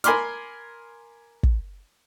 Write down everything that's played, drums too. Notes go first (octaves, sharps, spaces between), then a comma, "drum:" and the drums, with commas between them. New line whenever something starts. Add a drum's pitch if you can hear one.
A#4 G#5 B5 C6 D6 F6, drum: hi-hat
drum: kick